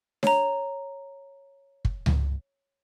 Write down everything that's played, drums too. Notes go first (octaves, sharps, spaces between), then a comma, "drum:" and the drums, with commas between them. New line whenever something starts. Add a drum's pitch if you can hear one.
C#5 A#5, drum: snare D4
drum: kick
drum: tom C#2